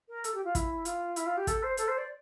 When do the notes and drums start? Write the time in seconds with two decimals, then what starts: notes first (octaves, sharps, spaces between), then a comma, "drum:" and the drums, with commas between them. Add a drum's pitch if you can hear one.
0.08 A#4
0.24 A4, drum: hi-hat
0.34 G4
0.44 F4
0.55 E4, drum: kick, hi-hat
0.85 F4, drum: hi-hat
1.16 E4, drum: hi-hat
1.26 F4
1.37 G4
1.47 A4, drum: kick, hi-hat
1.63 C5
1.77 A4, drum: hi-hat
1.88 C5
1.98 D5